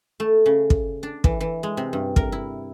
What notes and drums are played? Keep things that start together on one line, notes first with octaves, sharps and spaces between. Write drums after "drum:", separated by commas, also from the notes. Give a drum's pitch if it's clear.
A3
C#3
drum: kick
D4
E3, drum: kick
E3
G#3
C3
G2
A#4, drum: kick
E4